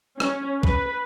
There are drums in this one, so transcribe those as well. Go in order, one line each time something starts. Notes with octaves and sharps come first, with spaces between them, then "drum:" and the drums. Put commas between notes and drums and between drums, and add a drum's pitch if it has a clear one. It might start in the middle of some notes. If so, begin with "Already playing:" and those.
C#4, drum: rim click
B4, drum: kick B1